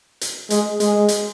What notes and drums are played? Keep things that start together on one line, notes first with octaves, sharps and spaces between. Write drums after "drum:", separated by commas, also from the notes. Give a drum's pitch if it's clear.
drum: hi-hat
G#3, drum: hi-hat
G#3, drum: hi-hat
drum: hi-hat